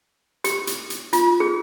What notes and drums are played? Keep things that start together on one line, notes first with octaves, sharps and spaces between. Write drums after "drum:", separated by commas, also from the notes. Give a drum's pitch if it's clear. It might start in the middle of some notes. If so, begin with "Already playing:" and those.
G4, drum: hi-hat
drum: hi-hat
drum: hi-hat
F4, drum: hi-hat
G#4